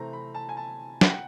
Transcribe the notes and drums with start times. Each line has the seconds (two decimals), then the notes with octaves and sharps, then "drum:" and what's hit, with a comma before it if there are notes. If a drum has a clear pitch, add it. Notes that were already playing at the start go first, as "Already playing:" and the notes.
Already playing: C3 E3 A3 C4 A#5
0.13 B5
0.35 A5
0.49 G#5
0.57 A5
1.01 F#5, drum: snare
1.09 G5